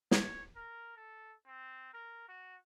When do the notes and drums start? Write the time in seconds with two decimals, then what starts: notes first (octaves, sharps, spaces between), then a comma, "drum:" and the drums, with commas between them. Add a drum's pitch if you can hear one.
0.11 C#5, drum: snare
0.56 A#4
0.97 A4
1.46 C4
1.93 A#4
2.29 F#4